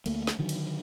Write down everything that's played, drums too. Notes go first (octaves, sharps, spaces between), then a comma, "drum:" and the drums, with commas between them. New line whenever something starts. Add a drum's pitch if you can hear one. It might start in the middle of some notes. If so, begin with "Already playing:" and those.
D2 A3 A#3, drum: cymbal
drum: snare
D3 D#3 F#3
drum: cymbal